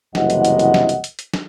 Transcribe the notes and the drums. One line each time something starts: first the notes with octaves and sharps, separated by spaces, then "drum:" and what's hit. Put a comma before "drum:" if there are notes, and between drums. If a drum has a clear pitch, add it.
F#1 C2 C3 E3 D#5 F#5, drum: snare
drum: hi-hat
drum: hi-hat
drum: hi-hat
drum: snare
drum: hi-hat
drum: hi-hat
drum: hi-hat
drum: snare